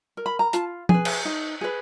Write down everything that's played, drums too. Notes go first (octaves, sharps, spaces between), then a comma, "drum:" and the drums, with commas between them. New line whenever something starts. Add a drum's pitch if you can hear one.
A#4
B5
A#5
F4 A5, drum: hi-hat
G#4 B4 G#5, drum: tom F3
drum: cymbal
D#4
G#4 B4